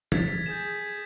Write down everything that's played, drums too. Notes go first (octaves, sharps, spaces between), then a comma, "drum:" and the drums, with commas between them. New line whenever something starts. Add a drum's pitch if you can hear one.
G#6 A6 B6, drum: tom
G#4 G6 E7